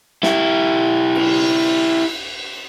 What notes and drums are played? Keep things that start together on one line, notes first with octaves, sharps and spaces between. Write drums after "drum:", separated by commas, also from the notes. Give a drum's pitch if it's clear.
E4 G4, drum: snare
drum: cymbal